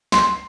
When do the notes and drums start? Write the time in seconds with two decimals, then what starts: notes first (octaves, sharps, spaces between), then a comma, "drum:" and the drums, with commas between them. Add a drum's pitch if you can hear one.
0.12 C6, drum: snare